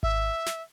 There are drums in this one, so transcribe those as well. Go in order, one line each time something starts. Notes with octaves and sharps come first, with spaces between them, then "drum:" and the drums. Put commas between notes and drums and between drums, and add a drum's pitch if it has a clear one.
E5, drum: kick G#1
drum: snare